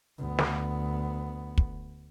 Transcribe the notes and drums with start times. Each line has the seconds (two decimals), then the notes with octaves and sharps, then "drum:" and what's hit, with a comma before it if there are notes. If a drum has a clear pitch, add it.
0.19 D2 B3
0.39 drum: snare
1.58 drum: kick